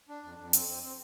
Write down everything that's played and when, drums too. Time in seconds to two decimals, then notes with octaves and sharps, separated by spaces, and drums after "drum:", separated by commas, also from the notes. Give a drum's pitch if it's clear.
0.09 D4
0.23 F2
0.38 F2
0.53 C4, drum: hi-hat
0.68 C4
0.83 C4